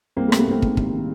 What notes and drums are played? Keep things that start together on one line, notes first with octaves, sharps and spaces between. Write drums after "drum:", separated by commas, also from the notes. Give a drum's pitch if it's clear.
C2 A#3 C4
A3 B3
C3, drum: rim click
A3 B3
C2 A#3 C4
G#2, drum: kick
G#1, drum: kick
D#3